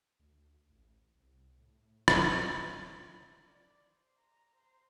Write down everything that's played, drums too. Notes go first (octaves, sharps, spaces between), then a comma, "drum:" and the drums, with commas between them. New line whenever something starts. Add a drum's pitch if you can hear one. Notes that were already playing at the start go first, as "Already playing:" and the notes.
D2
A1
C2
A2
drum: rim click
E2
D5
C5
A#5
C5